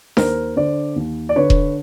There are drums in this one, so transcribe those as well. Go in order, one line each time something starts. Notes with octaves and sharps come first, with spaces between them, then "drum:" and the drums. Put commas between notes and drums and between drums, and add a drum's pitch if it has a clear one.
D#2 A#4 C5, drum: snare D4
D3 C5 D5
D#2
D5
D3 B4 C#5
drum: kick E1